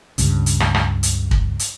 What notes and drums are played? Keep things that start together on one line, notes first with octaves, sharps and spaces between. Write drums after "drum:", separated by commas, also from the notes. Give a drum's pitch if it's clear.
C#2 G2 C#3, drum: hi-hat
drum: hi-hat
drum: rim click
drum: rim click
drum: hi-hat
drum: kick
drum: hi-hat